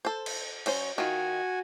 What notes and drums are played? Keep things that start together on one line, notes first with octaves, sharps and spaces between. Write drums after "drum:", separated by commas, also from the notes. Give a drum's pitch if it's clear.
A4 C5
drum: cymbal
F#3 C#4 C5, drum: cymbal
D#3 F4 F#4 G#5